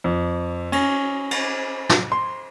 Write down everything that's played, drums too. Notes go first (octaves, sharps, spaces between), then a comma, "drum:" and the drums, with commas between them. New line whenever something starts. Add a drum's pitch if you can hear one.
F2
C#4, drum: cymbal
drum: cymbal
drum: snare
C6